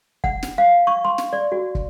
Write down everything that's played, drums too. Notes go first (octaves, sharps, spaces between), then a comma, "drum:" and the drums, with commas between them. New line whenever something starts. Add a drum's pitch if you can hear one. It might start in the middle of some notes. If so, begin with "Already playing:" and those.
F#5, drum: kick
drum: snare
F5
C#6
C6
drum: snare
D5
F#4
drum: kick